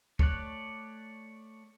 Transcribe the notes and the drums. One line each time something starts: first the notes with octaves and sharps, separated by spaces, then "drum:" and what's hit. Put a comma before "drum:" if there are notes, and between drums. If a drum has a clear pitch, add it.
A3 C#5 D5 F#6, drum: kick